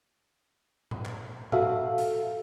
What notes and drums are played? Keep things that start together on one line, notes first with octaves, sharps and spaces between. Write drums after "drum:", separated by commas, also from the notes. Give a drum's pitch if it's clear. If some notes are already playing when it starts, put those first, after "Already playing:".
drum: tom A2
drum: clap
F#4 A4 E5 F5, drum: tom A2
drum: hi-hat